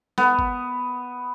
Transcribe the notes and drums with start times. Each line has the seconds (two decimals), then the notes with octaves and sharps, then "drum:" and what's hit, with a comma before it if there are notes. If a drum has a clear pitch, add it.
0.18 B3, drum: snare
0.39 drum: kick